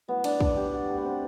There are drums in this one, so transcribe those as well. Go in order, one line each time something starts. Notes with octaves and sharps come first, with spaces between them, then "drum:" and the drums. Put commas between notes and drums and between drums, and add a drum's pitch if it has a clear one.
A2 F#3 A3 B3
D4, drum: cymbal
D4, drum: kick
G4
F#4
A3
B3
C4